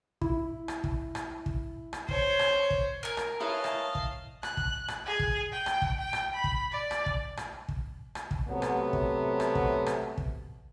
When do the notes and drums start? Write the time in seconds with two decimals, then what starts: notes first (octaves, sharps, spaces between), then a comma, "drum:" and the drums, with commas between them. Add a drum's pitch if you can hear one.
0.21 E4, drum: kick
0.68 drum: rim click
0.84 drum: kick
1.15 drum: rim click
1.46 drum: kick
1.93 drum: rim click
2.09 C5 C#5, drum: kick
2.39 drum: rim click
2.70 drum: kick
3.03 A#4 G#5
3.17 drum: rim click
3.40 E4 B4 C#5 D#5 F5 A5
3.64 drum: rim click
3.95 drum: kick
4.43 F#6, drum: rim click
4.57 drum: kick
4.88 drum: rim click
5.06 G#4
5.19 drum: kick
5.52 G5
5.66 drum: rim click
5.82 drum: kick
5.98 G5
6.13 drum: rim click
6.34 B5
6.44 drum: kick
6.71 D5
6.91 drum: rim click
7.06 drum: kick
7.37 drum: rim click
7.69 drum: kick
8.15 drum: rim click
8.31 drum: kick
8.48 C3 F#3 A3 B3
8.62 drum: rim click
8.93 drum: kick
9.40 drum: rim click
9.55 drum: kick
9.86 drum: rim click
10.18 drum: kick